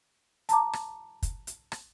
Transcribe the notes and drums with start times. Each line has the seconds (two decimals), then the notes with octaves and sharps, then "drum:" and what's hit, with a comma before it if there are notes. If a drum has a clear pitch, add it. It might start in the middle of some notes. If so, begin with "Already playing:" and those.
0.49 A5 A#5 D6, drum: hi-hat
0.73 drum: rim click
1.23 drum: kick, hi-hat
1.47 drum: hi-hat
1.72 drum: rim click